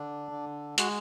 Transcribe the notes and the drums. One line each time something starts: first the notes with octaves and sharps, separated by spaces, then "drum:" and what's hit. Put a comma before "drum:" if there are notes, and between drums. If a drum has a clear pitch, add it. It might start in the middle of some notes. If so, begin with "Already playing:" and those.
Already playing: D3 D4
D3
G#3 F#4, drum: hi-hat